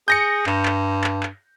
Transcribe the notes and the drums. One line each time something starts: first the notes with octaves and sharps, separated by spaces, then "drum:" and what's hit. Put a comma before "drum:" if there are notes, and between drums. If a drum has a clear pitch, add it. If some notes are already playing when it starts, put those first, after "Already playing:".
G#4 G6 A#6 C#7
G2, drum: clap
drum: clap
drum: clap
drum: clap